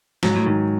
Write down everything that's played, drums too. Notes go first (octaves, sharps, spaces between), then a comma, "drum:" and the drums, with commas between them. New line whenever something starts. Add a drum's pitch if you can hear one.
G#2 F#3, drum: snare
A2
G#2 D#3